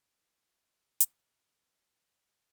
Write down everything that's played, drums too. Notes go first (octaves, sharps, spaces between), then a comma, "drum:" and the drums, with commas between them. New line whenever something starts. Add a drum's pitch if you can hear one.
F#2 D#3 G#3 D#4
F#5
E5
D#5
C#5
drum: hi-hat
C#5
E2 D#3 A#3 C#4 E4 D#5
E5
D#5
B4
D#5
C#5
B4
C#5
B2 F#3 B3